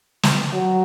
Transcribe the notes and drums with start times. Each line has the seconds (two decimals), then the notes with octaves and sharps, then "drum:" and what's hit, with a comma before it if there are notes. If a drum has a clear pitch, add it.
0.23 drum: snare
0.53 F#3